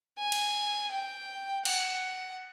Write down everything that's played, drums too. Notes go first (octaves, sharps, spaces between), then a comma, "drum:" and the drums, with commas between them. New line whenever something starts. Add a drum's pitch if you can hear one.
G#5
drum: cymbal
G5
F#5, drum: cymbal